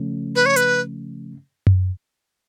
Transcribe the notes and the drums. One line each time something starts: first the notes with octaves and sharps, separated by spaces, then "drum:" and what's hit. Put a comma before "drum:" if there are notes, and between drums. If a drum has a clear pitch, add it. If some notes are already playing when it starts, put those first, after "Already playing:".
Already playing: C#3 F3 A3 C#4
B4
C#5
B4, drum: hi-hat
drum: tom F#2